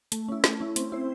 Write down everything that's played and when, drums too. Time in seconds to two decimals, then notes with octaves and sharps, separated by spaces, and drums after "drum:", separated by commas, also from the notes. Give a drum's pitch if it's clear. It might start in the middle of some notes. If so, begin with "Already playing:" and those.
0.12 A3, drum: hi-hat
0.28 C#4 E4
0.44 A3, drum: snare
0.61 C#4 E4
0.76 C4, drum: hi-hat
0.92 E4 C5